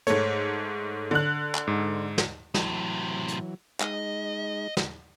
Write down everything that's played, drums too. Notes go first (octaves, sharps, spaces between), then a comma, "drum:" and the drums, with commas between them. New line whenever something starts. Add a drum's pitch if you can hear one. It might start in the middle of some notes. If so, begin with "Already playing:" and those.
G#2 A3 C#5, drum: hi-hat
D3 F#6
drum: clap
G#2
drum: snare
A2 C3 E3 F#3, drum: snare
drum: hi-hat
G#3 D#4 D#5, drum: clap
drum: snare